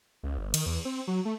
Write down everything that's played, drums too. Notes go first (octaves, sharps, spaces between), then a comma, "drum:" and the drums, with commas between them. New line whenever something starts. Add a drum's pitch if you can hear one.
C#2
G1
D#3, drum: cymbal
E2
C4
F#3
A3